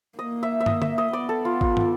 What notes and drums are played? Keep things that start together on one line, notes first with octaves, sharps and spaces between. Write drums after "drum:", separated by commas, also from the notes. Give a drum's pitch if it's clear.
A#3 D#5
E5
E5
D#5, drum: tom
E5, drum: tom D3
D#5
B3 D5
A4
F4
F4, drum: kick G#1
drum: tom